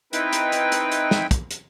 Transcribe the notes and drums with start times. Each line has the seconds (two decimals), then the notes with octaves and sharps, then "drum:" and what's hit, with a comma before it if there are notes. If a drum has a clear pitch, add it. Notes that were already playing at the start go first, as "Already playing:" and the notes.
0.13 C4 D#4 E4 B4 G5, drum: hi-hat
0.33 drum: hi-hat
0.52 drum: hi-hat
0.72 drum: hi-hat
0.92 drum: hi-hat
1.11 drum: snare
1.31 drum: kick, hi-hat
1.51 drum: hi-hat